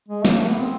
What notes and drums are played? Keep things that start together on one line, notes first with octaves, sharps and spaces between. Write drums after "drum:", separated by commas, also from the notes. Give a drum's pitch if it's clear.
G#3
A#3, drum: snare
A3
B3
C4